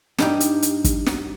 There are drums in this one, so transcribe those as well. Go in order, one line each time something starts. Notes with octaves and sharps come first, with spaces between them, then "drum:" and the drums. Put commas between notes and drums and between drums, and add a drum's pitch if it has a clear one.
G2 D#4 G4, drum: snare
drum: hi-hat
drum: hi-hat
drum: kick, hi-hat
drum: snare